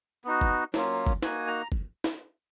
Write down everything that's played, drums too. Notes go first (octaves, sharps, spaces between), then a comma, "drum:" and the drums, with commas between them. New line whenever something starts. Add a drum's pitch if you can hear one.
B3 D#4 F#4
drum: kick
F#3 A#3 C#4 F4, drum: snare
drum: kick
A#3 D#4 F#4 G#5, drum: snare
A#5
drum: kick
drum: snare